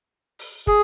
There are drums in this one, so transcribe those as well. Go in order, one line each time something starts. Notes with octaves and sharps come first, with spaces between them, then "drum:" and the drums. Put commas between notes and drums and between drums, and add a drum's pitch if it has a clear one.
drum: open hi-hat
G#4, drum: kick